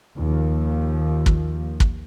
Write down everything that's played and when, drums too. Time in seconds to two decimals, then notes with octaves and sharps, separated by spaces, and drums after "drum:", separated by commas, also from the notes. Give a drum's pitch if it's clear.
0.18 D#2 F3
1.26 drum: kick
1.80 drum: kick